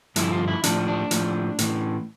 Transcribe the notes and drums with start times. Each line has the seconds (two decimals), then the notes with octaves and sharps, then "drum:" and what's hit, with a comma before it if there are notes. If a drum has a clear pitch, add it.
0.16 G2 D3 F3 E4, drum: hi-hat
0.32 F4
0.48 E4
0.64 A2 F3 D4, drum: hi-hat
0.88 D4
1.11 A2 F3, drum: hi-hat
1.59 A2 E3, drum: hi-hat